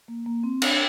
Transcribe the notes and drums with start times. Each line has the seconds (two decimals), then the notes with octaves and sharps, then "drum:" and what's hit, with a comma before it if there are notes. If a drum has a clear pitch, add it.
0.08 A#3
0.26 A#3
0.44 C4
0.62 D4, drum: cymbal